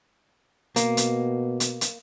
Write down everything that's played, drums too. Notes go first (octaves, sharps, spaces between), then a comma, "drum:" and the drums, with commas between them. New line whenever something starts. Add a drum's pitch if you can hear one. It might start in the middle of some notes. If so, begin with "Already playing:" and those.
B2 A#3, drum: hi-hat
drum: hi-hat
drum: hi-hat
drum: hi-hat